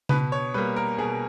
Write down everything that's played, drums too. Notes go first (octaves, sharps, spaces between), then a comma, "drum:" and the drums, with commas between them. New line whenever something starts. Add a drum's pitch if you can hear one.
B2 B4, drum: tom C#3
C#5
G3 A#3 B4
A#4
B2 G#4